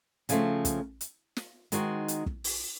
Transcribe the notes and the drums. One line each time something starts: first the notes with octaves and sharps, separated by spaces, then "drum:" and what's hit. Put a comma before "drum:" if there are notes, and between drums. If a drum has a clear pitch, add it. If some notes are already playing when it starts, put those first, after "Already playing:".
C#3 F3 A3 C4, drum: hi-hat
drum: kick, hi-hat
drum: hi-hat
drum: snare
D#3 G#3 C4 D#4 F#4, drum: hi-hat
drum: hi-hat
drum: kick
drum: open hi-hat